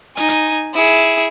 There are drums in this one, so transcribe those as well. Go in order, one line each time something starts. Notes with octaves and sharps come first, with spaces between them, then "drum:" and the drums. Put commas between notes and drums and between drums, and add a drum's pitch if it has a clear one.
D#4 G#5, drum: hi-hat
drum: hi-hat
E4 G#4